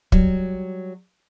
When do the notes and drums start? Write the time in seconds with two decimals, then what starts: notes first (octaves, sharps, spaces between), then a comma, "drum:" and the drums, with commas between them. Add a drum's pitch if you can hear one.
0.12 F#3 G3, drum: kick